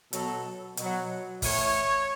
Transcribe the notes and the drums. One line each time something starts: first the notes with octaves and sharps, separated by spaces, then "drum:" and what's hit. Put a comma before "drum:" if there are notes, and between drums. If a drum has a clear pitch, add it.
B2 F#3 A4, drum: hi-hat
B2 F#3, drum: hi-hat
A2 E3 C#5, drum: kick, open hi-hat